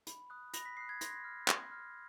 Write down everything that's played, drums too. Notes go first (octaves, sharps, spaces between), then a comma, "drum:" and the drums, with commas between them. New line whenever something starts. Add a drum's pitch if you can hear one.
B5, drum: hi-hat
D#6 F#6
B5 A#6, drum: hi-hat
B6
D#6 F#6 C7
G#6
C6 A#6, drum: hi-hat
F6
C6, drum: clap
F6